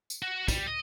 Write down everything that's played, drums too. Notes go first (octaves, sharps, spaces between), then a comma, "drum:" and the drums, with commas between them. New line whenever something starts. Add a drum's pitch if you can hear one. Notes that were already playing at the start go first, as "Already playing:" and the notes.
drum: tambourine
F#4
G3, drum: kick, tambourine
D#5